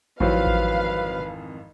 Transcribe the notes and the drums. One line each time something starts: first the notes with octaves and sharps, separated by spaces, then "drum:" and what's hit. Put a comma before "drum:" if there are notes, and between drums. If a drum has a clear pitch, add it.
G#1 F2 E3 F#3 C4 F4 B4 F5, drum: kick A1
drum: kick A1